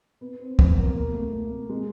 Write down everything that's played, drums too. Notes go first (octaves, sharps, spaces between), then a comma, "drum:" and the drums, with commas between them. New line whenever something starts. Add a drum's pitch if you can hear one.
B3
C4
B3, drum: kick
A#3
A#3
A3
A3
A3
G#3